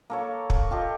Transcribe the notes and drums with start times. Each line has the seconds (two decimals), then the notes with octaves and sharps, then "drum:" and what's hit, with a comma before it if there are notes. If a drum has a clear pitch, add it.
0.10 A#3 A4 C#5
0.50 C#6, drum: kick
0.71 F4 G4 A4 D#5